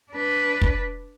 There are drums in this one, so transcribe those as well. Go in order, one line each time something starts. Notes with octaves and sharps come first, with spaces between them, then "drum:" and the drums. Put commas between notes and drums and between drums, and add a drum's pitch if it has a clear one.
D4 B4
drum: kick